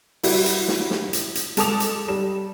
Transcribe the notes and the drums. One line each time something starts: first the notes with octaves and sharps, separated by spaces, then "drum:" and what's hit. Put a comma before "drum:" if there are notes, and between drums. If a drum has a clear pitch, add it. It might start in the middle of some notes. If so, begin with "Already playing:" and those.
G3 E4 F#4, drum: open hi-hat
drum: hi-hat
drum: snare
drum: snare
drum: hi-hat
drum: hi-hat
G#3 A4 A5 D6 D#6 F7, drum: hi-hat
drum: hi-hat
G3 E7